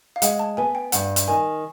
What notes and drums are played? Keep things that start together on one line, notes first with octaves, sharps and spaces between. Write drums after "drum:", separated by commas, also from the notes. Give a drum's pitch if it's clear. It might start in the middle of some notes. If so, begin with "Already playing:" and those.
F5
G#3 F#5, drum: hi-hat
A5
B3 G#5
G5
G2 F#5, drum: hi-hat
drum: hi-hat
D#3 G#5